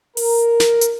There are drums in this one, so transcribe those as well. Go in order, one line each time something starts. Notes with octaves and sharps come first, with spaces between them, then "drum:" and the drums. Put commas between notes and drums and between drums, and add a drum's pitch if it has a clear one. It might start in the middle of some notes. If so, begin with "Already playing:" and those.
A#4, drum: open hi-hat
drum: snare
drum: hi-hat